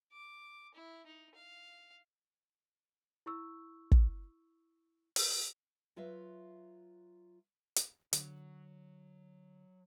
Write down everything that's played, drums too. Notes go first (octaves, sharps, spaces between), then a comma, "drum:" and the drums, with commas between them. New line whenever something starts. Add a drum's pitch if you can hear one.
D6
E4
D#4
F5
E4 C#6 E6
drum: kick
drum: open hi-hat
F#3 F4 B4 E5 F5
drum: hi-hat
D3 F#3, drum: hi-hat